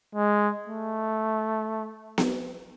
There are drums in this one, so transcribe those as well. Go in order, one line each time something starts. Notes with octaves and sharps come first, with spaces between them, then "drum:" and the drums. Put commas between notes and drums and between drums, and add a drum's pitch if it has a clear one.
G#3
A3
drum: snare B3